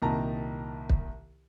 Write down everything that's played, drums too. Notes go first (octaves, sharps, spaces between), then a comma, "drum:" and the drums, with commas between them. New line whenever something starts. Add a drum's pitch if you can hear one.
C2 A#2 D#3 A5 A#5
drum: kick